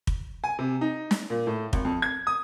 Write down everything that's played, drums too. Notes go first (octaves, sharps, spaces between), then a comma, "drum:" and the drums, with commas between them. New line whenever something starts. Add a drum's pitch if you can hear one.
drum: kick
G#5
C3
D#4
drum: snare
A#2
A2
G#1, drum: kick
F2
G#6
D#6